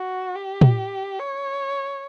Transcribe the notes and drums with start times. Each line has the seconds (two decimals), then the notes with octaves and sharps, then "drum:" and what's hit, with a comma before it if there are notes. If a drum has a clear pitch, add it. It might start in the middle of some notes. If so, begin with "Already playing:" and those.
Already playing: F#4
0.35 G4
0.61 drum: tom
1.19 C#5